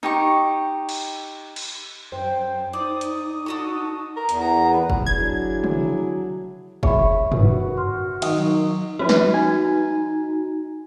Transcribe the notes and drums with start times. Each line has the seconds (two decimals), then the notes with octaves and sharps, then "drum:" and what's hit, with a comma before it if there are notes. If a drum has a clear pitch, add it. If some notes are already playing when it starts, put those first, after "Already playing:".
0.03 D#4 G4 C#6
0.89 drum: cymbal
1.56 drum: cymbal
2.12 F#2 C5 G5
2.73 D#4 D5 D#6
3.01 drum: hi-hat
3.46 D4 F#4 A4 C#6
4.17 A#4
4.29 E2, drum: hi-hat
4.41 A#5
4.74 B4
4.90 drum: kick
5.06 F#3 D4 E4 G#4 G#6
5.64 drum: tom
6.83 G#4 C#5 E5 B5, drum: kick
7.32 F#4 A#4 B4 E5, drum: tom
7.77 C6 F6
8.22 D#3 F#3 D#5, drum: cymbal
8.99 F3 C#4 D#4 F#4 B4
9.09 drum: snare
9.34 G#5